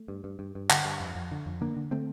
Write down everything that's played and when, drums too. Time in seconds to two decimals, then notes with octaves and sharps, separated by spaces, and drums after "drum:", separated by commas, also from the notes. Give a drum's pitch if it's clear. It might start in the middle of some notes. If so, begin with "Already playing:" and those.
Already playing: A3
0.08 G2
0.24 G2
0.39 G2
0.55 G2
0.70 D3, drum: clap
0.85 G2
1.00 F2
1.15 F2
1.32 D3
1.46 F2
1.61 D3 A#3 D4
1.77 D3
1.91 D3 A3 C4